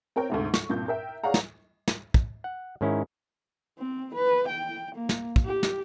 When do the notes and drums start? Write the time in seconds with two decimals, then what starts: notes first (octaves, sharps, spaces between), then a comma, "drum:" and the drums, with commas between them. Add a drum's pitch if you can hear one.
0.16 C4 A#4 C#5 G5
0.30 D2 G#2 C3
0.54 C#6, drum: snare
0.69 C2 G2 A#2 G6
0.88 A#4 E5 G5
1.24 G#4 C#5 D5 F5 F#5 A#5
1.34 drum: snare
1.88 drum: snare
2.14 drum: kick
2.44 F#5
2.81 G#2 D#3 C#4 E4
3.79 C4
4.15 B4
4.49 G5
4.95 A#3
5.09 drum: snare
5.36 drum: kick
5.45 G4
5.63 drum: snare